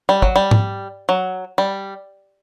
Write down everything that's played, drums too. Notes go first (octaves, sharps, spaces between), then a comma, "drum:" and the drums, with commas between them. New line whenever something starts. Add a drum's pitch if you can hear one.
G3
F#3, drum: kick
G3
drum: tom G#2
F#3
G3